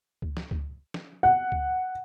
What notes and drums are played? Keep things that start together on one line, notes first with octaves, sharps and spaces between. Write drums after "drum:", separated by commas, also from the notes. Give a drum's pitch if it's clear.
drum: kick C#2
drum: snare
drum: kick C#2
drum: snare
F#5
drum: kick C#2